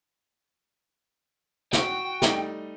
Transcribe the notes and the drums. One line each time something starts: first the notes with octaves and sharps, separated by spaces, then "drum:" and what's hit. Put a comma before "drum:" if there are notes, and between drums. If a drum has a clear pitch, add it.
F#4 G5, drum: snare
G3 A3 D#4, drum: snare